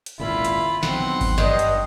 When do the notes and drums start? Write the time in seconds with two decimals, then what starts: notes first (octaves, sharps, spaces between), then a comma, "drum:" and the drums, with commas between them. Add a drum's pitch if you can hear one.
0.06 drum: hi-hat
0.20 G#1 C#2 A#2 E4 F4 B5
0.45 drum: hi-hat
0.83 B1 C4 F#5 C6, drum: snare
1.21 drum: kick G#1, open hi-hat
1.38 G2 D#5, drum: snare
1.59 drum: hi-hat